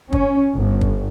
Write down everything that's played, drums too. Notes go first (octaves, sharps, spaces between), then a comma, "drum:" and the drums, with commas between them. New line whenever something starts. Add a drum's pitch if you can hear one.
C#4, drum: kick
G1
drum: kick